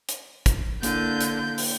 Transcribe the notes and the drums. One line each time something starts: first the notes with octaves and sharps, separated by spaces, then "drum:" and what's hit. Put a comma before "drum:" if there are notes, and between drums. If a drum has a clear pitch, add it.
drum: hi-hat
drum: kick, hi-hat
D3 A#3 E4 G6, drum: hi-hat
drum: hi-hat
drum: open hi-hat